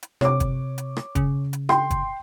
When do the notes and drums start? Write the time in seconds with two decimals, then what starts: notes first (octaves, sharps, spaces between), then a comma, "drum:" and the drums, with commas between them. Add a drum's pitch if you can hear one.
0.03 drum: hi-hat
0.21 C3 C#5 D6, drum: rim click
0.40 drum: kick, hi-hat
0.78 drum: hi-hat
0.97 drum: rim click
1.15 C#3, drum: kick, hi-hat
1.53 drum: hi-hat
1.69 G5 C6, drum: rim click
1.90 drum: kick, hi-hat